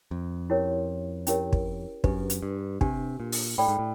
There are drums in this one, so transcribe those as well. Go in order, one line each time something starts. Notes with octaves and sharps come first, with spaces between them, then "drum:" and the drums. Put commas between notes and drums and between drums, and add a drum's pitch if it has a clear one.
F2
C#4 E4 G4 A#4 C#5
C#4 E4 G4 A#4 C#5, drum: hi-hat
drum: kick
F#2 D4 G4 B4, drum: kick
drum: hi-hat
G2
C3 D4 G4 B4, drum: kick
A#2
drum: open hi-hat
A2 A4 D5 G5 B5
G#2
A2